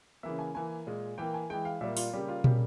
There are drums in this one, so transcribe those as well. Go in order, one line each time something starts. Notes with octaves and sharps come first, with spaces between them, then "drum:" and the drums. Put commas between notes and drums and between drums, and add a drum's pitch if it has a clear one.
C#3 E3 A#3 E5
G#5
E3 A#3 G#5
A#2 G#3
E3 A#3 G5
G#5
E3 G#3 G5
F5
A#2 G3 A#3 E5
F4, drum: open hi-hat
C#3 G3 A#3 G4
F4
C#3 G3 A#3 G4, drum: tom